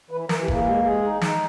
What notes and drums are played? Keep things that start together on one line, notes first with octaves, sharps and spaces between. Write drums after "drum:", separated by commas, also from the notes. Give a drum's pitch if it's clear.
E3 B4
E3 A#4, drum: snare
G4
A#3, drum: kick F1
G#4
G#3 G4
G#3 G#4
D#4
D#4, drum: snare